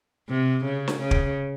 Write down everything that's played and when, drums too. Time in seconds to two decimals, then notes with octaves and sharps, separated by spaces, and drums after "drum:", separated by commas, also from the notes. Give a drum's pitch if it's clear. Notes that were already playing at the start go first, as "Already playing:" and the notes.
0.29 C3
0.64 C#3
0.88 drum: snare
0.99 C#3
1.11 drum: kick